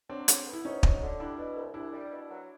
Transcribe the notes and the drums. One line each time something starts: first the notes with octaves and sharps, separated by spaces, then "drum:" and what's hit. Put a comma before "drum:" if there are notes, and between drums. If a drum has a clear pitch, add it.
F#3 C4 D4
D3, drum: hi-hat
B3
E4
D2 C#4 D#4
F#3, drum: kick
D3
G3 D4 E4
B2
C2
C2 D4 E4
G3
B2
F#3